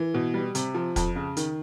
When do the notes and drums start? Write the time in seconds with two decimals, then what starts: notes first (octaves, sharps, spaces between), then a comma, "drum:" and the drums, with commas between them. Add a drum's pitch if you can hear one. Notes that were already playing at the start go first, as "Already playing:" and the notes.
Already playing: E3
0.14 B2
0.34 G3
0.55 C3, drum: hi-hat
0.74 F3
0.96 F2, drum: kick, hi-hat
1.16 C#3
1.37 D#3, drum: hi-hat